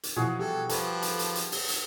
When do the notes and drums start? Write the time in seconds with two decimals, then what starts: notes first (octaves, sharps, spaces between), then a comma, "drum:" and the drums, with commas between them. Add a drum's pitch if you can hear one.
0.03 drum: hi-hat
0.16 B2 E3 F3 F#4 G#4
0.39 G4 A4
0.69 F3 D4 A4 B4, drum: hi-hat
1.02 drum: hi-hat
1.19 drum: hi-hat
1.35 drum: hi-hat
1.52 drum: open hi-hat
1.68 drum: hi-hat